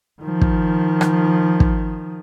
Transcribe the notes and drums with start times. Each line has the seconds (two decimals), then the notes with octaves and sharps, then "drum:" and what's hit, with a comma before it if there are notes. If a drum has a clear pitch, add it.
0.22 D#3 F3
0.41 drum: kick
1.01 drum: rim click
1.60 drum: kick